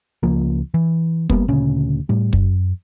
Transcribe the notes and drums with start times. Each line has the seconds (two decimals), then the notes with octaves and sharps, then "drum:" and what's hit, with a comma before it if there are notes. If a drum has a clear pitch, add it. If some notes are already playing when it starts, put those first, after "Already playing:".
0.23 C#2 F3 A#3
0.74 E3
1.30 G3 A#3 B3, drum: kick
1.48 D2 A#2 C#3 C#4
2.09 A2 G3
2.33 F#2, drum: kick